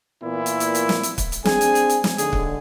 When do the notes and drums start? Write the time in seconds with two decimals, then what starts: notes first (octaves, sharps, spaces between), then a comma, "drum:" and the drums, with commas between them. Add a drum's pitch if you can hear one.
0.23 A#2 E3 B3 E4
0.46 drum: hi-hat
0.60 drum: hi-hat
0.75 drum: hi-hat
0.89 drum: snare
1.03 drum: hi-hat
1.18 drum: kick, hi-hat
1.32 drum: hi-hat
1.45 C4 D4 G#4 G#5, drum: snare
1.61 drum: hi-hat
1.75 drum: hi-hat
1.90 drum: hi-hat
2.04 drum: snare
2.18 D#2 D3 G#4, drum: hi-hat
2.33 drum: kick